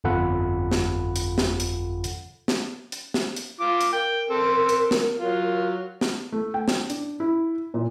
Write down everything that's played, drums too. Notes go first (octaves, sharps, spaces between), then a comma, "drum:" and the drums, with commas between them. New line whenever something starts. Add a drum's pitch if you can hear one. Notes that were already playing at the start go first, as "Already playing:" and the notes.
G1 F2 F4 A4 F#5 B5
drum: snare
drum: hi-hat
drum: snare
drum: hi-hat
drum: hi-hat
drum: snare
drum: hi-hat
drum: snare
drum: hi-hat
F4 D6
drum: hi-hat
A#4 G5
C4 A4
drum: hi-hat
drum: snare
F#3 F4
drum: snare
A3
G5
drum: snare
D4, drum: hi-hat
E4
A#2